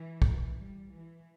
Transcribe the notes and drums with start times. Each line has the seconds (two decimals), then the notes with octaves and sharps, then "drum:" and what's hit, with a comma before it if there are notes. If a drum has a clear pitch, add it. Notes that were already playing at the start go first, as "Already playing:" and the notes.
Already playing: E3
0.22 drum: kick
0.55 G3
0.91 E3